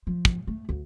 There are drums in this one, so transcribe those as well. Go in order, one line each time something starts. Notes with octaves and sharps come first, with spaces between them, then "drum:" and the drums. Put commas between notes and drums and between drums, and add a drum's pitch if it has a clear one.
F3
drum: kick
A3
D2